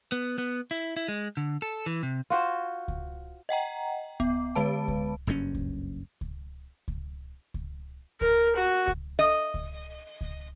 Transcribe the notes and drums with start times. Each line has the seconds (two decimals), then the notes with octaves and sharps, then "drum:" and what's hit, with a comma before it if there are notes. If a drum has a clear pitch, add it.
0.12 B3
0.38 B3
0.71 E4
0.97 E4
1.08 G#3
1.37 D3
1.62 A4
1.86 E3
2.03 C3
2.30 F4 F#4 C5
2.88 drum: kick C#2
3.49 D#5 F#5 G5 A#5
4.20 B3, drum: kick C#2
4.56 D3 G#3 B4 A5
4.88 drum: kick C#2
5.27 F#1 G2 C#3 C#4
5.54 drum: kick C#2
6.21 drum: kick C#2
6.88 drum: kick C#2
7.54 drum: kick C#2
8.21 A#4, drum: kick C#2
8.56 F#4
8.88 drum: kick C#2
9.19 D#5
9.54 drum: kick C#2
10.21 drum: kick C#2